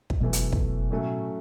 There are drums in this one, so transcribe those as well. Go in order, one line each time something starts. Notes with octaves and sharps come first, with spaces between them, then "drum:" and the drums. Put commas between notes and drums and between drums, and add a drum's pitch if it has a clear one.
drum: kick
F#2 B2 E3 A3
drum: hi-hat
drum: kick
A2 F#3 A3 C#4